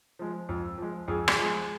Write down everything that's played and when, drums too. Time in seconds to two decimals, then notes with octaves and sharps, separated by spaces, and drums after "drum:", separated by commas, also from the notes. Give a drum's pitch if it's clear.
0.19 F3 G#3
0.49 F2
0.78 F3 G#3
1.08 F2 G#4
1.28 drum: rim click
1.38 F3 G#3